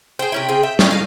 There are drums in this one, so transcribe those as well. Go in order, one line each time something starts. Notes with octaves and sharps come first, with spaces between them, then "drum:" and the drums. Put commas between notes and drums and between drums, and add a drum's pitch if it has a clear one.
G#4 C5 G5
C3 C#4 E4
C#3 C4 G#4
E5
C#4, drum: snare
D#5 F5 G#5